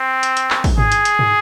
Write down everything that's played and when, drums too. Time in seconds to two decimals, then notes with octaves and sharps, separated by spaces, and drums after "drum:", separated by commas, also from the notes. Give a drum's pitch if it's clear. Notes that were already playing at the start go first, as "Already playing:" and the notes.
Already playing: C4
0.23 drum: hi-hat
0.37 drum: hi-hat
0.50 drum: clap
0.64 drum: kick, open hi-hat
0.78 G#4, drum: tom
0.92 drum: hi-hat
1.05 drum: hi-hat
1.19 drum: tom